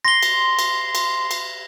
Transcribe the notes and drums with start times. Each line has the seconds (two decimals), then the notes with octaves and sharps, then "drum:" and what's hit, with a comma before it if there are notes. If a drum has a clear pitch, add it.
0.05 C6 A#6 G7
0.23 drum: cymbal
0.59 drum: cymbal
0.95 drum: cymbal
1.31 drum: cymbal